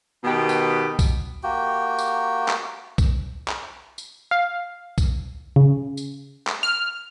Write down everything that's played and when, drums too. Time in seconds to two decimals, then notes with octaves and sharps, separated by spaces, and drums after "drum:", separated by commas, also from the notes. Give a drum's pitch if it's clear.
0.24 B2 D#3 B3 G4 B4
0.49 drum: tambourine
0.99 drum: kick B1, tambourine
1.43 A#3 F#4 G4 G5
1.99 drum: tambourine
2.48 drum: clap
2.98 drum: kick B1, tambourine
3.48 drum: clap
3.98 drum: tambourine
4.31 F5
4.98 drum: kick B1, tambourine
5.56 C#3
5.97 drum: tambourine
6.47 drum: clap
6.63 F6